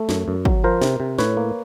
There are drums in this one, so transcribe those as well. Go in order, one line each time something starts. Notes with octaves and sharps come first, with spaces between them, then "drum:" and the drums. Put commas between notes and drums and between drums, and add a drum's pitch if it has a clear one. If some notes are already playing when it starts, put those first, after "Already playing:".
Already playing: A3
F#2, drum: snare
F#2
F#3, drum: kick
F3 A#4 C5
C3, drum: snare
C3
A2 B4 C#5, drum: snare
A#3